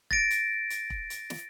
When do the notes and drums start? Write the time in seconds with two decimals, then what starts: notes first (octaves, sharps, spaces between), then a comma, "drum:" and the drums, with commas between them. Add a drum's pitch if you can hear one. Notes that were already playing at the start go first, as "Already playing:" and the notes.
0.11 A6 A#6 D7, drum: kick E1
0.30 drum: hi-hat
0.70 drum: hi-hat
0.90 drum: kick E1
1.10 drum: hi-hat
1.30 drum: snare